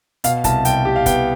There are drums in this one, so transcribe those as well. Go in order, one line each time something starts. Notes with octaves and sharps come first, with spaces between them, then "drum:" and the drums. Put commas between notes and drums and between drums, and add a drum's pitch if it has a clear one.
B2 F5, drum: hi-hat
C2 A5, drum: kick, hi-hat
C2 G5, drum: hi-hat
C2 G4
F5
B3 G5, drum: kick, hi-hat